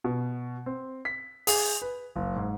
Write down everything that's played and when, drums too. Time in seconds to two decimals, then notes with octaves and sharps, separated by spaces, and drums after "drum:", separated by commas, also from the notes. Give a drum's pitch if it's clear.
0.04 B2
0.66 C4
1.05 B6
1.47 G#4, drum: open hi-hat
1.82 B4
2.16 F#1
2.36 G#2